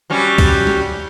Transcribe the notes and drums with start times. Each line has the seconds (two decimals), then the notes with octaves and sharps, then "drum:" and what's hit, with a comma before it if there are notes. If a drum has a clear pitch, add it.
0.10 F#3 G3 C#4
0.38 drum: kick, cymbal
0.67 drum: snare